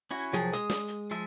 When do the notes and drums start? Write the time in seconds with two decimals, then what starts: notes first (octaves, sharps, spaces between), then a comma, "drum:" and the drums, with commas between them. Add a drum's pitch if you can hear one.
0.11 C#4 E4 F#4
0.33 C2 F3 F#3 G#4, drum: hi-hat
0.53 G#3 D#6, drum: hi-hat
0.70 drum: snare
0.88 drum: hi-hat
1.11 F3 G#3 E5